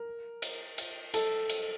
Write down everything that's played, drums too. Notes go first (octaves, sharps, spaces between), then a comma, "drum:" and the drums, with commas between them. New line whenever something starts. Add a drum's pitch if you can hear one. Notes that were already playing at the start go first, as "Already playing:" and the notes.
Already playing: A#4
drum: cymbal
drum: cymbal
A4, drum: cymbal
drum: cymbal